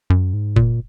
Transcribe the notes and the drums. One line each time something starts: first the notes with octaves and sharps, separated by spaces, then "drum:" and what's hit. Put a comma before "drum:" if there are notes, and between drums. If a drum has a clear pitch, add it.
F#2
G#2
A#2, drum: kick